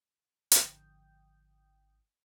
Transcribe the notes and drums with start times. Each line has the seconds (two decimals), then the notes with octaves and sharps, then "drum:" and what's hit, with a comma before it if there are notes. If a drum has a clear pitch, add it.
0.52 G#1 D3 F3 G5 D#6 G6, drum: hi-hat